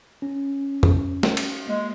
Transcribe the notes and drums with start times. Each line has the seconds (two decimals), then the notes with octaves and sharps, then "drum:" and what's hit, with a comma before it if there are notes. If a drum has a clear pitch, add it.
0.22 C#4
0.83 drum: tom
1.23 drum: snare
1.37 drum: cymbal
1.68 G#3 A#3